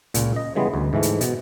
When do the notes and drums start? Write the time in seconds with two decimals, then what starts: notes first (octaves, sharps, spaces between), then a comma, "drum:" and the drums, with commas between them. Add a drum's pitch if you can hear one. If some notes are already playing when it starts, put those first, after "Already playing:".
0.14 C#2 A#2, drum: hi-hat
0.36 D#5
0.55 C#3 E3 G3 G#3 B3
0.74 D2
0.93 G#2 E3 A3
1.03 drum: hi-hat
1.21 B2, drum: hi-hat